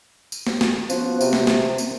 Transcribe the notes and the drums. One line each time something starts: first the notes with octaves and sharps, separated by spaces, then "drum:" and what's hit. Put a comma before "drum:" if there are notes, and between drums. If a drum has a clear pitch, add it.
drum: tambourine
drum: snare
drum: snare
F3 B3 C#4 F#4, drum: tambourine
C3, drum: tambourine
drum: snare
drum: snare
A#3 C4, drum: tambourine